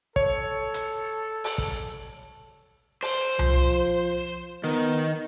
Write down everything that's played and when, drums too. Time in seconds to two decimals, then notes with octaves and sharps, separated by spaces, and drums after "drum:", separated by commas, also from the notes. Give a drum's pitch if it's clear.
0.16 A4 C#5, drum: kick
0.74 drum: hi-hat
1.44 drum: open hi-hat
1.58 drum: kick
3.03 C5, drum: open hi-hat
3.39 F3, drum: tom C2
4.64 D#3 B3